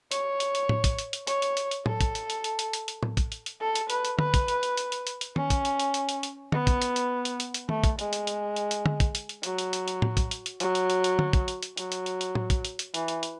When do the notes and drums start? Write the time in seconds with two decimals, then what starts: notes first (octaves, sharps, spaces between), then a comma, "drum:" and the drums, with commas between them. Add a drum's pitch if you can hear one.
0.11 C#5, drum: hi-hat
0.40 drum: hi-hat
0.55 drum: hi-hat
0.69 drum: tom A2
0.84 drum: kick, hi-hat
0.99 drum: hi-hat
1.13 drum: hi-hat
1.27 C#5, drum: hi-hat
1.42 drum: hi-hat
1.57 drum: hi-hat
1.71 drum: hi-hat
1.86 A4, drum: tom A2
2.01 drum: kick, hi-hat
2.15 drum: hi-hat
2.30 drum: hi-hat
2.44 drum: hi-hat
2.59 drum: hi-hat
2.73 drum: hi-hat
2.88 drum: hi-hat
3.03 drum: tom A2
3.17 drum: kick, hi-hat
3.32 drum: hi-hat
3.46 drum: hi-hat
3.60 A4
3.75 drum: hi-hat
3.90 B4, drum: hi-hat
4.05 drum: hi-hat
4.19 B4, drum: tom
4.34 drum: kick, hi-hat
4.48 drum: hi-hat
4.63 drum: hi-hat
4.77 drum: hi-hat
4.92 drum: hi-hat
5.07 drum: hi-hat
5.21 drum: hi-hat
5.36 C#4, drum: tom D#3
5.50 drum: kick, hi-hat
5.65 drum: hi-hat
5.80 drum: hi-hat
5.94 drum: hi-hat
6.09 drum: hi-hat
6.23 drum: hi-hat
6.52 B3, drum: tom
6.67 drum: kick, hi-hat
6.82 drum: hi-hat
6.96 drum: hi-hat
7.25 drum: hi-hat
7.40 drum: hi-hat
7.54 drum: hi-hat
7.69 A3, drum: tom D#3
7.84 drum: kick, hi-hat
7.99 G#3, drum: hi-hat
8.13 drum: hi-hat
8.27 drum: hi-hat
8.56 drum: hi-hat
8.71 drum: hi-hat
8.86 drum: tom
9.00 drum: kick, hi-hat
9.15 drum: hi-hat
9.29 drum: hi-hat
9.43 F#3, drum: hi-hat
9.58 drum: hi-hat
9.73 drum: hi-hat
9.88 drum: hi-hat
10.02 drum: tom A2
10.17 drum: kick, hi-hat
10.31 drum: hi-hat
10.46 drum: hi-hat
10.60 F#3, drum: hi-hat
10.75 drum: hi-hat
10.90 drum: hi-hat
11.04 drum: hi-hat
11.19 drum: tom
11.33 drum: kick, hi-hat
11.48 drum: hi-hat
11.63 drum: hi-hat
11.77 F#3, drum: hi-hat
11.92 drum: hi-hat
12.06 drum: hi-hat
12.21 drum: hi-hat
12.35 drum: tom A2
12.50 drum: kick, hi-hat
12.65 drum: hi-hat
12.79 drum: hi-hat
12.94 E3, drum: hi-hat
13.08 drum: hi-hat
13.23 drum: hi-hat